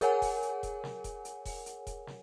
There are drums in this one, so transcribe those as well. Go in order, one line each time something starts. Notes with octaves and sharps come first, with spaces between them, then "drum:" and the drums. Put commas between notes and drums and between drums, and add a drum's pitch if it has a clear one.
G#4 A#4 C#5 F#5 G#5, drum: hi-hat
drum: kick E1, open hi-hat
drum: hi-hat
drum: kick E1, hi-hat
drum: snare
drum: kick E1, hi-hat
drum: hi-hat
drum: kick E1, open hi-hat
drum: hi-hat
drum: kick E1, hi-hat
drum: snare